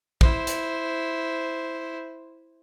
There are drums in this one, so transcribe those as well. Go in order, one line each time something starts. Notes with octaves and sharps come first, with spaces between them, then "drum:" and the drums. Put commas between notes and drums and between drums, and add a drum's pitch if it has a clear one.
E4 C5, drum: kick
drum: hi-hat